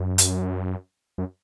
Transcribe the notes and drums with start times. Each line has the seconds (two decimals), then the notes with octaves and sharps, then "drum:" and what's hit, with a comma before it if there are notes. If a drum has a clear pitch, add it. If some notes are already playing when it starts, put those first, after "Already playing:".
Already playing: F#2
0.18 drum: hi-hat
1.18 F#2